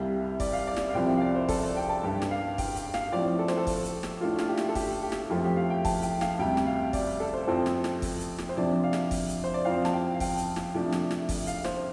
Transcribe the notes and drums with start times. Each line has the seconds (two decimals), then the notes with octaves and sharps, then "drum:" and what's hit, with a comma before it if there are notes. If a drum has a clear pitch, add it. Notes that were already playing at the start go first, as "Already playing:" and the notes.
Already playing: C2 C3 G3 F5
0.40 D5, drum: kick, open hi-hat
0.53 F5
0.67 D5
0.76 drum: snare
0.90 F5
0.94 C2 C3 F3 C4 G5
1.09 G5
1.17 F5
1.21 D5
1.35 C5
1.49 A4, drum: kick, open hi-hat
1.63 D5
1.77 G5
1.89 A5
2.03 G2 G3 D4 G5
2.22 drum: snare
2.31 F5
2.58 G5, drum: kick, open hi-hat
2.76 G5, drum: hi-hat
2.94 F5, drum: snare
3.12 A2 F3 C4 D5
3.39 A4
3.48 C5, drum: snare
3.57 A4
3.67 drum: kick, open hi-hat
3.85 drum: hi-hat
4.03 drum: snare
4.21 A2 A3 D4 F4
4.38 F4, drum: snare
4.48 G4
4.57 drum: snare
4.69 A4
4.75 G4, drum: kick, open hi-hat
5.03 G4
5.12 drum: snare
5.30 F2 F3 A3 C4 F4
5.44 G4
5.57 F5
5.70 G5
5.85 A5, drum: kick, open hi-hat
6.03 G5, drum: hi-hat
6.21 F5, drum: snare
6.39 D2 C3 G3 G5
6.57 drum: snare
6.66 F5
6.93 D5, drum: kick, open hi-hat
7.20 A4
7.34 C5
7.47 F2 F3 C4 A4
7.66 drum: snare
7.84 drum: snare
8.02 drum: kick, open hi-hat
8.20 drum: hi-hat
8.38 drum: snare
8.49 C5
8.57 F2 C3 F3 D4 D5
8.84 F5
8.93 drum: snare
9.11 drum: kick, open hi-hat
9.29 drum: hi-hat
9.44 C5
9.54 D5
9.65 F2 F3 C4 F5
9.85 A5, drum: snare
9.93 G5
10.14 F5
10.20 G5, drum: kick, open hi-hat
10.38 drum: hi-hat
10.56 drum: snare
10.74 C3 F3 A3 D4
10.92 drum: snare
11.11 drum: snare
11.29 drum: kick, open hi-hat
11.47 F5, drum: hi-hat
11.64 C5, drum: snare